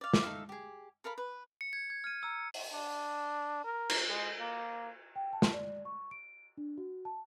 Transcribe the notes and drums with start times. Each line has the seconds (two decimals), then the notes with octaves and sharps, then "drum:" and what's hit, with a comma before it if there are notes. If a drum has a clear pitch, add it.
0.01 D5 F5
0.14 drum: snare
0.23 D#4 A4 E5 F5
0.49 G4 G#4
1.04 A4 A#4 F5 B5
1.18 B4
1.61 C#7
1.73 G#6 C#7
1.90 G#6
2.04 F6 G#6 D#7
2.22 A#5 E6 G#6
2.54 drum: open hi-hat
2.73 D4
3.64 A#4
3.90 drum: cymbal
4.09 G#3
4.40 A#3
5.16 G5
5.33 A5
5.42 drum: snare
5.53 D5
5.85 C#6
6.11 D7
6.57 D4
6.78 F#4
7.05 A5